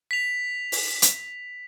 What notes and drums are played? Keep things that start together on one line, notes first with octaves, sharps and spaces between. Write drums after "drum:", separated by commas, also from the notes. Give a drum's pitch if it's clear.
B6 F7
drum: open hi-hat
drum: hi-hat